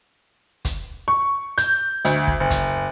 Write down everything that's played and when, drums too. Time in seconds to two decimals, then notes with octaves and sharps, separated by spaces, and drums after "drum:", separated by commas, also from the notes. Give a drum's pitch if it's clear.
0.65 drum: kick, hi-hat
1.08 C#6
1.58 G6, drum: hi-hat
2.05 D2, drum: hi-hat
2.27 drum: kick
2.40 F#1
2.51 drum: kick, hi-hat